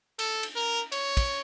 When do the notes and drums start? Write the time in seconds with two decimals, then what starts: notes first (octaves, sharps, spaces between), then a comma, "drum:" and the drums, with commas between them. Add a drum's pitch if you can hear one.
0.19 A4, drum: cymbal
0.43 drum: cymbal
0.55 A#4
0.92 C#5, drum: cymbal
1.17 drum: kick, cymbal